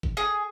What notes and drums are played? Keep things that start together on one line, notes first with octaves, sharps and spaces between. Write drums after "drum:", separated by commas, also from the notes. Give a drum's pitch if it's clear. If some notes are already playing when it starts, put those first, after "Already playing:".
drum: kick G1
G#4